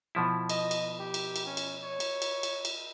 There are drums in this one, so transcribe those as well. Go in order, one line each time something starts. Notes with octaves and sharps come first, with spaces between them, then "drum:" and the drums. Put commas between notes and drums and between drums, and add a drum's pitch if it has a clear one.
B2 F3 E4
D#5, drum: cymbal
drum: cymbal
G4
drum: cymbal
drum: cymbal
C#4
drum: cymbal
C#5
drum: cymbal
drum: cymbal
drum: cymbal
drum: cymbal